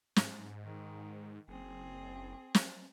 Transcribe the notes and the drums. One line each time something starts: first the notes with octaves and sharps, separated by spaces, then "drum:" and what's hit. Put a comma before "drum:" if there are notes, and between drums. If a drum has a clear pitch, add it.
G#2, drum: snare
D#3
F#1 C4 G#4
drum: snare